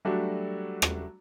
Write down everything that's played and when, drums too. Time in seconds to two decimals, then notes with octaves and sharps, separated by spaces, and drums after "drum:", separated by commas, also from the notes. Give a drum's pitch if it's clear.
0.05 F#3 G3 A3 D4 F#4
0.82 drum: rim click